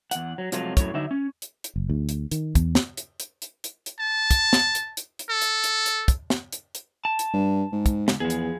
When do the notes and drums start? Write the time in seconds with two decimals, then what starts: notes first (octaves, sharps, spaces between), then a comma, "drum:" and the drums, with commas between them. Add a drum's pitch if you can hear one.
0.11 E2 F#5, drum: hi-hat
0.38 F#3
0.52 C3 F3 F#3 G#3 A3 F4, drum: hi-hat
0.77 F#2 A2 F#3 C#5, drum: kick, hi-hat
0.94 D3 F#3 D#4 E5
1.11 C#4
1.42 drum: hi-hat
1.64 drum: hi-hat
1.76 F#1
1.90 D2
2.09 drum: hi-hat
2.31 D#3, drum: hi-hat
2.55 E2, drum: kick, hi-hat
2.75 drum: snare
2.97 drum: hi-hat
3.20 drum: hi-hat
3.42 drum: hi-hat
3.64 drum: hi-hat
3.86 drum: hi-hat
4.00 A5
4.31 drum: kick, hi-hat
4.53 drum: snare
4.75 drum: hi-hat
4.97 drum: hi-hat
5.19 drum: hi-hat
5.29 A4
5.42 drum: hi-hat
5.64 drum: hi-hat
5.86 drum: hi-hat
6.08 drum: kick, hi-hat
6.30 drum: snare
6.52 drum: hi-hat
6.75 drum: hi-hat
7.05 A5
7.19 drum: hi-hat
7.34 G2
7.72 G#2
7.86 drum: kick, hi-hat
8.08 C#2, drum: snare
8.20 E2 F3 G#4
8.30 drum: hi-hat